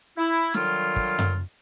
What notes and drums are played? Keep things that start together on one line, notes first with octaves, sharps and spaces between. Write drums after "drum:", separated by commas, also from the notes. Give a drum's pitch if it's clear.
E4
D3 D#3 F#3 G3 F4, drum: snare
drum: kick
drum: tom F#2